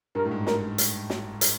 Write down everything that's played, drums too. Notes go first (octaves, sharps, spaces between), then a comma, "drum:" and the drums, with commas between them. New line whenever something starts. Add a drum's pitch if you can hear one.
G2 A#4
A2
G#2
A#4, drum: snare
drum: hi-hat
drum: snare
drum: hi-hat